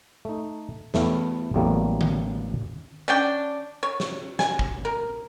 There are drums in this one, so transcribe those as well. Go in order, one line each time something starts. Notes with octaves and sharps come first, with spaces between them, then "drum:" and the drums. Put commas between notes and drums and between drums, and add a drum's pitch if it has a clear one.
A3 D#4
E2 A3 E4 F5 G5, drum: snare
A1 E2 F#3 G3 A3 A#3
drum: tom D3
C#4 D4 G5
C#5
drum: snare
G#5, drum: snare
drum: kick
A#4